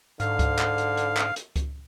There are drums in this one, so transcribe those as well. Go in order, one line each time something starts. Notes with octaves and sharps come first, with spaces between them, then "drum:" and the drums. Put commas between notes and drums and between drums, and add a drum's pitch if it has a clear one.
G#2 D3 F5, drum: hi-hat
drum: kick C#2, hi-hat
drum: clap
drum: hi-hat
drum: hi-hat
drum: clap
drum: hi-hat
drum: kick C#2, hi-hat